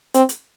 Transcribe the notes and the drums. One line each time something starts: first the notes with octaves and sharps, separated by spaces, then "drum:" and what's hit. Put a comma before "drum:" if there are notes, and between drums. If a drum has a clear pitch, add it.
C4, drum: hi-hat
drum: hi-hat